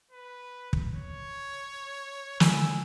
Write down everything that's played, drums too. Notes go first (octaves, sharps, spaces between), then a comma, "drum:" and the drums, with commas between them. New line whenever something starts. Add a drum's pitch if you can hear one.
B4
drum: kick
C#5
D3 G#3 A3 G#5 E6, drum: snare